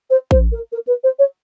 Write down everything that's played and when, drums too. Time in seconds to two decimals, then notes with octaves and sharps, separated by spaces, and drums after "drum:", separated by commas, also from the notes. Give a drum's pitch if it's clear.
0.10 C5
0.31 C5, drum: kick A1
0.52 A#4
0.72 A#4
0.87 B4
1.03 C5
1.19 C#5